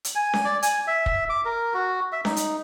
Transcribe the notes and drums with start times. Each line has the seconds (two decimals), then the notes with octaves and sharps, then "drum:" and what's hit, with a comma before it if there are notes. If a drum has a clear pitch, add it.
0.05 drum: hi-hat
0.15 G#5
0.34 drum: snare C#4
0.45 D5
0.63 G#5, drum: hi-hat
0.87 E5
1.06 drum: kick
1.29 D6
1.45 A#4
1.74 F#4
2.12 E5
2.25 D#4, drum: snare C#4
2.36 drum: hi-hat